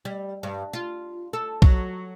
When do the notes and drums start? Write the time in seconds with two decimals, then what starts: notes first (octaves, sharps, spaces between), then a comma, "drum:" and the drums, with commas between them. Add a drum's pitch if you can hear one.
0.05 G3
0.43 G2
0.73 F4
1.33 A4
1.62 F#3, drum: kick